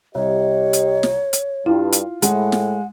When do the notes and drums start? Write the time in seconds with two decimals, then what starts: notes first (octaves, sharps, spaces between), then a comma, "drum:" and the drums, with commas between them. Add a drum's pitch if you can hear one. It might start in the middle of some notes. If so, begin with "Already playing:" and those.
0.15 C2 G4 C#5 D#5
0.73 drum: hi-hat
1.03 drum: snare
1.33 drum: hi-hat
1.66 G2 E4 F4
1.93 drum: hi-hat
2.22 A2 G#3 F#5, drum: hi-hat
2.52 drum: snare